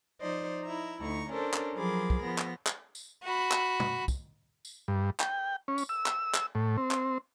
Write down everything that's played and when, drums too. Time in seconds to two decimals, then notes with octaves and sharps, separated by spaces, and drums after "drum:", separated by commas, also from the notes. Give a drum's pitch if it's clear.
0.21 F3 D#4 C5 D5 D#5
0.64 D#4 E4 E5 A#5
1.00 D2 D#4 A#5 C#6
1.31 C#4 D4 A4 A#4 C5
1.53 drum: clap
1.75 F3 F#3 G#4 A#4 B5 D6
2.10 drum: kick
2.23 F3 B3 A#6
2.38 drum: clap
2.67 drum: clap
2.95 drum: tambourine
3.23 F#4 B5
3.52 drum: clap
3.80 drum: tom
4.08 drum: kick, tambourine
4.65 drum: tambourine
4.88 G2
5.20 G5, drum: clap
5.68 C#4
5.78 drum: tambourine
5.89 E6
6.06 drum: clap
6.34 drum: clap
6.55 A2
6.77 C4
6.91 drum: clap